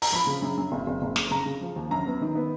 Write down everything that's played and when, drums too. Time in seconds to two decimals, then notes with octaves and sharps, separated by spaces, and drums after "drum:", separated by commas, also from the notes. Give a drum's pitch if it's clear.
0.02 A#5, drum: open hi-hat
0.12 F3 B5
0.27 C#3
0.42 F#2
0.57 F#2
0.72 F#1
0.87 F#1
1.02 F#1
1.16 F2, drum: snare
1.31 C#3 A#5
1.46 C#3
1.61 F3
1.76 D#2
1.91 F#2 A#5
2.06 B3
2.21 D#3
2.35 B3